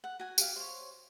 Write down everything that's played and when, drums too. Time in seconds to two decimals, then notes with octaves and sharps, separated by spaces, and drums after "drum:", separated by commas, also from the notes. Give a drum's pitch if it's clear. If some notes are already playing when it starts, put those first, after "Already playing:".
0.04 F#5
0.20 F#4 G#5
0.38 G4 F5, drum: tambourine
0.56 C5 C#5